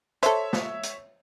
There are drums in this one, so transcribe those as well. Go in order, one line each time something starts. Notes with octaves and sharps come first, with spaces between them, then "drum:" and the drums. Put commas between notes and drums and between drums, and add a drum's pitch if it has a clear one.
A4 C5 C#5 E5, drum: hi-hat
drum: snare
drum: hi-hat